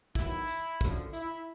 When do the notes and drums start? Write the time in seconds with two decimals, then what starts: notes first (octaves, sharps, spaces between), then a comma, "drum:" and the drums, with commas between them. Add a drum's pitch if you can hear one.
0.15 D#3 F#3 B3 D#4 E4, drum: kick, tambourine
0.48 drum: tambourine
0.81 F#2 D3 F3, drum: kick, tambourine
1.13 E4, drum: tambourine